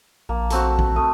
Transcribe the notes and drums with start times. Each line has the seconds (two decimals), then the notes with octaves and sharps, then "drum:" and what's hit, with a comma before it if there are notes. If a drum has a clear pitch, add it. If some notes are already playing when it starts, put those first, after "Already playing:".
0.29 A#1 A#3 A5
0.50 A3 C4 F#4, drum: hi-hat
0.79 drum: kick A#1
0.96 A3 D#6